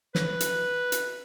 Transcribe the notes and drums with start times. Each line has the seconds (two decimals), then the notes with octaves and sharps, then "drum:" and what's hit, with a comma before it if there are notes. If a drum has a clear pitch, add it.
0.15 B4, drum: snare
0.40 drum: hi-hat
0.92 drum: hi-hat